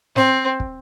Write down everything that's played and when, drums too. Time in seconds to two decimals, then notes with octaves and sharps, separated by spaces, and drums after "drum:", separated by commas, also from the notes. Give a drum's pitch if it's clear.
0.16 C4, drum: snare
0.60 drum: kick